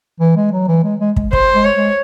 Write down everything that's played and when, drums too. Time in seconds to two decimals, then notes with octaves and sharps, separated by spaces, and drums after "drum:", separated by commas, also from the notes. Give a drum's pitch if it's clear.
0.20 E3
0.36 G#3
0.52 F#3
0.68 E3
0.84 G#3
1.00 G#3
1.16 G#3, drum: kick
1.33 C5, drum: kick
1.53 G#3
1.64 C#5
1.76 G#3